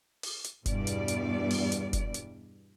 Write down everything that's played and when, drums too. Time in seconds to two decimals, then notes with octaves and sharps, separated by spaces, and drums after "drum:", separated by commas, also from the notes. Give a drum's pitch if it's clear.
0.23 drum: open hi-hat
0.44 drum: hi-hat
0.66 E2 G2 B2 G3 D5, drum: kick F1, hi-hat
0.87 drum: hi-hat
1.08 drum: hi-hat
1.50 drum: open hi-hat
1.72 drum: hi-hat
1.93 drum: kick F1, hi-hat
2.14 drum: hi-hat